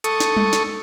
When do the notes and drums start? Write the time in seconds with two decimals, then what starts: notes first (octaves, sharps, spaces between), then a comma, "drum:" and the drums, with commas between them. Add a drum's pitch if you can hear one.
0.04 A4 C#6 D#6, drum: hi-hat
0.20 drum: snare
0.37 drum: tom G3
0.53 drum: snare